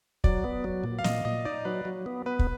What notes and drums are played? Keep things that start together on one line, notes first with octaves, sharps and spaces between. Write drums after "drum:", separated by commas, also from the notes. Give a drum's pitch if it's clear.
F#3 D5, drum: kick
B3
F#3
A#2
F5
A#2 D#5, drum: snare
A#2 D#5
D#4 D5
F#3 B4
F#3
B3
B3 B4
drum: kick